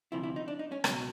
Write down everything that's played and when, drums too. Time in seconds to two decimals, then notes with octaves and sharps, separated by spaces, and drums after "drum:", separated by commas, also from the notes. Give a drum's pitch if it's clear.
0.12 D2 C3 F3 E4
0.23 E4
0.36 D#4
0.48 D4
0.59 D#4
0.72 C#4
0.84 C#2 B2 F#3 C#4, drum: rim click